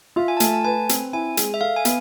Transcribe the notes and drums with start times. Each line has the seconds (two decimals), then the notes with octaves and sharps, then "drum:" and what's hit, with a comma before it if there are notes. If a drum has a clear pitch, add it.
0.16 F4 E5
0.28 G#5
0.37 A5
0.40 A3 G#5, drum: hi-hat
0.53 A5
0.64 B4 G#5
0.89 C4, drum: hi-hat
1.13 E4 G#5
1.37 G#3, drum: hi-hat
1.54 E5
1.61 A4 F5
1.76 G#5
1.85 B3, drum: hi-hat